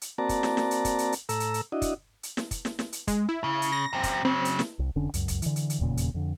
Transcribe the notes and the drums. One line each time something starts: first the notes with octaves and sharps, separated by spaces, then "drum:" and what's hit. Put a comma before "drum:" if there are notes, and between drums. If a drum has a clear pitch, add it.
drum: hi-hat
A#3 C4 F#4 D5 A5 A#5
drum: kick, hi-hat
drum: snare
drum: snare
drum: hi-hat
drum: kick, hi-hat
drum: hi-hat
drum: hi-hat
A2 A4 A#5 E6, drum: hi-hat
drum: hi-hat
drum: hi-hat
D4 E4 F#4 D#5
drum: kick, hi-hat
drum: hi-hat
drum: snare
drum: kick, hi-hat
drum: snare
drum: snare
drum: hi-hat
G#3, drum: kick, hi-hat
E4
C#3
drum: hi-hat
A#6
F#2 C4
drum: kick, hi-hat
C#3 F#3 C4
drum: hi-hat
drum: snare
C2
F1 D3 C#4 D4
C#2 F#2, drum: hi-hat
drum: kick, hi-hat
D3 E3, drum: hi-hat
drum: hi-hat
drum: hi-hat
D#1 E2 A#2 C#3
drum: hi-hat
F2 D3